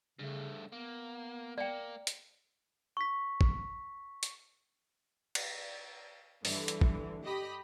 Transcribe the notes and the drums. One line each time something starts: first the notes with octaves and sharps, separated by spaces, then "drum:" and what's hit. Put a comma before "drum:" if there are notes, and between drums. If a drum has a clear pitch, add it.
G2 C#3 A3
A#3 B3
A#3 D5 G5
drum: hi-hat
C#6 B6
drum: kick
drum: hi-hat
drum: cymbal
G2 D3 E3, drum: open hi-hat
drum: hi-hat
drum: kick
G4 D#5 B5